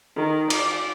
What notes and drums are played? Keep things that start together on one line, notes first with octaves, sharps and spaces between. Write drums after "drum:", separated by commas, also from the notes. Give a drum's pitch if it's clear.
D#3
D5, drum: cymbal